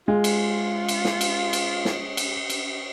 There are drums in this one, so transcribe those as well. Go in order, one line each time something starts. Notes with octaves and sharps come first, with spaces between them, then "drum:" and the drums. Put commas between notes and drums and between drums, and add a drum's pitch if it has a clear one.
G#3 F4
drum: cymbal
drum: cymbal
drum: snare
drum: cymbal
drum: cymbal
drum: snare
drum: cymbal
drum: cymbal